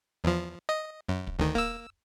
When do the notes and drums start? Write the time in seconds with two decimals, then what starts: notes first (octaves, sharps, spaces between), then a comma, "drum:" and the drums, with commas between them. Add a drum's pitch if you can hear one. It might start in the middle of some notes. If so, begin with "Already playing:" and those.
0.24 E2 F3
0.69 D#5
1.09 F#2
1.27 drum: kick
1.39 D2 D#3
1.55 A#3 E6, drum: kick